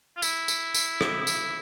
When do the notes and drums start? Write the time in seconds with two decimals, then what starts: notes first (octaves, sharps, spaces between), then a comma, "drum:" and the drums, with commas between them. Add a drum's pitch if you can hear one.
0.17 F4
0.22 E4, drum: tambourine
0.48 drum: tambourine
0.74 drum: tambourine
1.01 drum: rim click
1.27 drum: tambourine